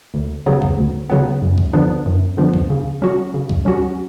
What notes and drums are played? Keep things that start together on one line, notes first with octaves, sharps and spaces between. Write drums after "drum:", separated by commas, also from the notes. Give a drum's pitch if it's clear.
D2
C#3 F#3 B3
drum: kick C#2
D2
C#3 F#3 B3
F#2
drum: kick C#2
D3 F3 B3 D4
F#2
D3 F3 B3 D4
drum: kick C#2
C#3
F#3 C#4 F#4
C#3
drum: kick C#2
F#3 C#4 F#4